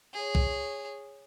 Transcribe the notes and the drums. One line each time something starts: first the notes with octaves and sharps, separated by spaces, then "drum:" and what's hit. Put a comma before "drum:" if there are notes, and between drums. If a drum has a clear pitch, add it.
G#4 C#5
drum: kick